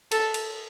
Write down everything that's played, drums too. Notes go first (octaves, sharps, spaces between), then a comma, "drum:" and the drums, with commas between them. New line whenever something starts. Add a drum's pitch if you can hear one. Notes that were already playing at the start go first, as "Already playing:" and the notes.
A4, drum: cymbal
drum: cymbal